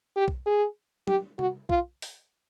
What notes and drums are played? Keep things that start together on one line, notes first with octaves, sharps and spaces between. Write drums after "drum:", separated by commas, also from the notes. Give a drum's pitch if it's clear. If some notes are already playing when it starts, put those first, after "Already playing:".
G4
drum: kick B1
G#4
G4, drum: tom F#3
F#4, drum: tom C3
F4, drum: kick B1
drum: open hi-hat